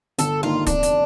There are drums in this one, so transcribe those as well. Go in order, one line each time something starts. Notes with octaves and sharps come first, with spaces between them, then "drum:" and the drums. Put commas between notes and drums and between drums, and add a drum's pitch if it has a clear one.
G1 A4, drum: hi-hat
G2 D#3 A#3 D#4 F4
F1 D4, drum: kick, hi-hat
drum: hi-hat